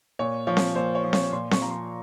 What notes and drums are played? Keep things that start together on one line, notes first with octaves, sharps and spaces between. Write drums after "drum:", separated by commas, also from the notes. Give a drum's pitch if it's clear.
A#2 C#5
F3 C#5
drum: snare C4
A#2 C5
C#5
F3
C#5, drum: snare C4
A#2 C6
C#6, drum: snare C4
F3 A#5
C6